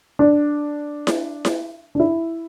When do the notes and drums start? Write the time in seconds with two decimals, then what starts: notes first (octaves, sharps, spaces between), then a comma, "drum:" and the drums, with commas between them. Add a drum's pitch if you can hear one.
0.19 D4
1.07 drum: snare E4
1.45 drum: snare E4
1.95 D4
2.00 E4